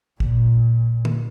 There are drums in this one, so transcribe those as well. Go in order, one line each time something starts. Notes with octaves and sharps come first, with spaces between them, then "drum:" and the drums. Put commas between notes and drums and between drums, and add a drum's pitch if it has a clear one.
A#2, drum: kick
drum: tom